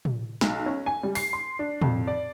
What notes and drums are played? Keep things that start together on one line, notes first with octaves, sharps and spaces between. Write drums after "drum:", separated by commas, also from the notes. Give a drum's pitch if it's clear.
drum: tom
B1, drum: snare
C#4
G#5
G3
C7, drum: open hi-hat
C6
D4
F2, drum: tom
D5